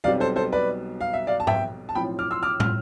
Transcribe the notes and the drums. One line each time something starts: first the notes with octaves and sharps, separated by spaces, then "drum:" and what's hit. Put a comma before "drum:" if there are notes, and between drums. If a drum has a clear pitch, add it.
B1 B2 G3 C4 D5 F5
A4 C5
A4 C5
B4 D5
F5
E5
D5 F5
A5
E5 G5, drum: tom G#2
A5
B1 A2 F3 C4 G5 B5
D6 F6
C6 E6
D6 F6
F6, drum: tom